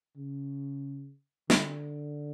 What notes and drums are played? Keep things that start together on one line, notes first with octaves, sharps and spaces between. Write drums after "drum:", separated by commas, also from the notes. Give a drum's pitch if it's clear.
C#3
D3, drum: snare